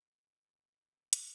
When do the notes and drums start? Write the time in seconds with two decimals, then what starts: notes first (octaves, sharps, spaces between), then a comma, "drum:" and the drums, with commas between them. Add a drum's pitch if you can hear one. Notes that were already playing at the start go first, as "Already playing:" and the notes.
Already playing: G2
0.45 A2
0.72 E3
0.81 D3
0.93 C3
1.03 A#2
1.13 A2, drum: hi-hat